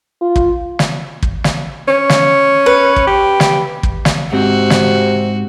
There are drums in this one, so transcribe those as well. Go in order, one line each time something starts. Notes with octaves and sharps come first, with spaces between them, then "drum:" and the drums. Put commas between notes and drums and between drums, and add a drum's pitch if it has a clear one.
F4
drum: kick
drum: snare
drum: kick
drum: snare
C#4
drum: snare
B4
drum: kick
G4
drum: snare
drum: kick
drum: snare
G#2 C3 C4 F#4
drum: snare